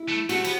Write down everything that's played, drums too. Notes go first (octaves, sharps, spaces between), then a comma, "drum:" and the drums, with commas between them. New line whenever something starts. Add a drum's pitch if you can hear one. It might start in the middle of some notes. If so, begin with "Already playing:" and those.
Already playing: E4
A3
A3 F#4, drum: cymbal
B3, drum: cymbal